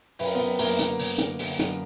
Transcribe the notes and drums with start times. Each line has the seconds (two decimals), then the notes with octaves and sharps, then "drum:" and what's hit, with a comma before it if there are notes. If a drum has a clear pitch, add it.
0.19 F#2 B4, drum: open hi-hat
0.27 A#4
0.35 F#2 B3 B4
0.59 F#2 A#3 A#4, drum: open hi-hat
0.79 D3, drum: hi-hat
0.99 D3, drum: open hi-hat
1.19 D3, drum: hi-hat
1.39 D3, drum: open hi-hat
1.60 F#2, drum: hi-hat